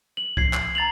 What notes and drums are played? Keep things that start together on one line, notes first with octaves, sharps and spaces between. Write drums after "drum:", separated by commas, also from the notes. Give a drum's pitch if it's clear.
F#7
G#6 C7, drum: kick C2
drum: clap
A#5 A6 F7 F#7